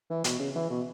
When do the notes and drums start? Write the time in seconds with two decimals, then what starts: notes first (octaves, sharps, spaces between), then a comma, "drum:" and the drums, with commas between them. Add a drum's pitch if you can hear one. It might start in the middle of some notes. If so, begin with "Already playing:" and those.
0.10 E3
0.24 B2, drum: hi-hat
0.39 C#3
0.55 E3
0.70 B2